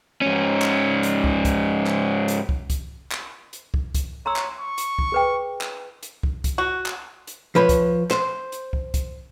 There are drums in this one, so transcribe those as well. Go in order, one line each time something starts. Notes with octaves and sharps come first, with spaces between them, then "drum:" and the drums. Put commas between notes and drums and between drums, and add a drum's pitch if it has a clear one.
G#2 C#4
drum: clap
drum: hi-hat
drum: kick
drum: kick, hi-hat
drum: clap
drum: hi-hat
drum: kick
drum: kick, hi-hat
drum: clap
drum: hi-hat
drum: kick
drum: kick, hi-hat
C#5 A#5 C6 E6
drum: clap
C#6
drum: hi-hat
drum: kick
G#4 B4 G5
drum: clap
drum: hi-hat
drum: kick
drum: kick, hi-hat
F#4
drum: clap
drum: hi-hat
F3 B4 C#5
drum: kick, hi-hat
C5, drum: clap
drum: hi-hat
drum: kick
drum: kick, hi-hat